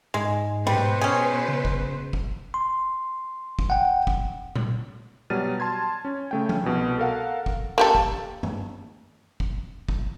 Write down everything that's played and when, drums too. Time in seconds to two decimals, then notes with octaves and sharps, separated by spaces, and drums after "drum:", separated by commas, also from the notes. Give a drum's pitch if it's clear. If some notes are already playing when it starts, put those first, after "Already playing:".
0.14 G#2 G#3
0.67 B2 G3 B4 C5, drum: tom A2
1.01 C#4 G#4
1.48 C#3
1.65 drum: kick
2.13 drum: kick
2.54 C6
3.59 drum: kick
3.70 F#5 G5
4.07 drum: kick
4.56 drum: tom A#2
5.30 B2 F#3 G3 F6 A6 D#7
5.60 A5 C6 G#6
6.05 C#4
6.31 C#3 A3 G5
6.49 drum: tom F3
6.64 C2 B2
6.98 A4 A#4 F5 F#5
7.46 drum: kick
7.78 A#3 G4 A4
7.95 drum: kick
8.43 drum: tom F#2
9.40 drum: kick
9.89 drum: kick